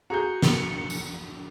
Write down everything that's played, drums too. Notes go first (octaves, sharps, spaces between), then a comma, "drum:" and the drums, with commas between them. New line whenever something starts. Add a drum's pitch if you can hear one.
F#4 G#4 A#5 G6 C#7
drum: snare
drum: tambourine